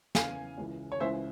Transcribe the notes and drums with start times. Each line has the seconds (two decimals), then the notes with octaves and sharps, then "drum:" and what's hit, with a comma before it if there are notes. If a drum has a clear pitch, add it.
0.15 E2 C#3 E3 F5 G#5, drum: snare
0.58 C#2 C#3 E3
0.92 C#5
1.00 C#2 C#3 E3 C5 E5